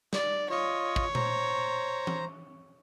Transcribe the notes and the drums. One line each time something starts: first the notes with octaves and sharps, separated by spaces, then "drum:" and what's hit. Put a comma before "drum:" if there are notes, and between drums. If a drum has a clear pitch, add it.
D5, drum: snare
F4 C#5 D#5
drum: kick
C5 A#5, drum: tom A#2
drum: tom E3